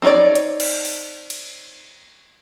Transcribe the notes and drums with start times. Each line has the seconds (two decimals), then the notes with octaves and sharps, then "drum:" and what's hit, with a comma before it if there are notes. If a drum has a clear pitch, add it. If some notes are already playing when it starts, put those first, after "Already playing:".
0.02 C4 D#4 F4 C#5 D5
0.35 drum: hi-hat
0.60 drum: cymbal
0.85 drum: open hi-hat
1.30 drum: cymbal